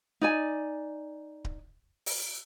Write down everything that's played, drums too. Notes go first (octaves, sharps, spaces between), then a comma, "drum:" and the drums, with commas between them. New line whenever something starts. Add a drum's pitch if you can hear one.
D#4 D5 G#5
drum: kick D1
drum: open hi-hat